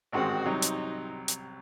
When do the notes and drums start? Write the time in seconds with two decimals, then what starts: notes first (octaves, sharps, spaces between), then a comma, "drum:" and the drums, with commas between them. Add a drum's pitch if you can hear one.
0.12 A1 G#2 D#3 G#3 C4 F#4
0.45 C2 C3 F#3 D#4
0.62 drum: hi-hat
1.28 drum: hi-hat